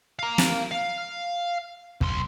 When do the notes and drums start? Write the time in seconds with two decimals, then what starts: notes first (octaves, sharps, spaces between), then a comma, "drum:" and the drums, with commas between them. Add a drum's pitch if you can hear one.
0.19 F5 A#5
0.38 drum: snare
0.71 F5
2.01 B1 C6, drum: kick